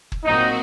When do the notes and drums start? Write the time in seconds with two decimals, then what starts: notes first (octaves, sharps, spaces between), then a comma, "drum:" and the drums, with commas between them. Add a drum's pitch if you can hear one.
0.12 drum: kick
0.24 A#2 F#3 C4 D#4 F#4